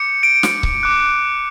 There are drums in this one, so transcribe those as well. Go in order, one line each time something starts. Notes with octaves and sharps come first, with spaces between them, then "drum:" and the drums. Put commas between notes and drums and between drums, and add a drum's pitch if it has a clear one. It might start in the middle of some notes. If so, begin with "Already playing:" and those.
Already playing: D6 G6 C#7
D7
drum: snare
drum: kick C#1
D6 F#6